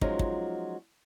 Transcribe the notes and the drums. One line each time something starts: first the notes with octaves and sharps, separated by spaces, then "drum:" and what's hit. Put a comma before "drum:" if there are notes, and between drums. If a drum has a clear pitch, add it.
F3 F#3 G#3 C#4 D#4 F4, drum: kick
drum: kick